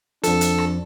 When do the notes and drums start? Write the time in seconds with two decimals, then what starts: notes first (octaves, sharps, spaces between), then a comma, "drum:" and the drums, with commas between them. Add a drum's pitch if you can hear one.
0.24 F2 F3 D4 A4, drum: hi-hat
0.41 drum: hi-hat
0.58 drum: rim click